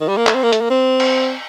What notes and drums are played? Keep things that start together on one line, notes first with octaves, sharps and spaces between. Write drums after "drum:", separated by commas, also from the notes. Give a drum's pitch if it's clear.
D#3
G3
A#3
A3, drum: clap
C4
A#3
A3, drum: hi-hat
A#3
C4
drum: cymbal